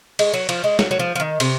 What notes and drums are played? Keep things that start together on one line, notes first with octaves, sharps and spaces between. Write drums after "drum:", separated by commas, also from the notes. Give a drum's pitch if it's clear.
G#3, drum: cymbal
F#3
F3, drum: cymbal
G#3
F#3, drum: snare
F#3
F3
F3
D#3
C3, drum: cymbal